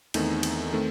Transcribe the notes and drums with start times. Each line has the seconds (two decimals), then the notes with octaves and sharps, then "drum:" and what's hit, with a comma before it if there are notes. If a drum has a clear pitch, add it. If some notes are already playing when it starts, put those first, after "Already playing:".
0.14 E2 D#3 A3 C4 D#4, drum: cymbal
0.43 drum: cymbal
0.72 D#3 A3 C4